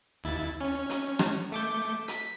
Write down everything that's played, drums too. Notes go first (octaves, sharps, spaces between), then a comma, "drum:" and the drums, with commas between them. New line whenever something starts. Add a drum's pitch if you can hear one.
D#2 E4 A6
C#4
drum: hi-hat
drum: rim click
A3 D6 G6
B6, drum: hi-hat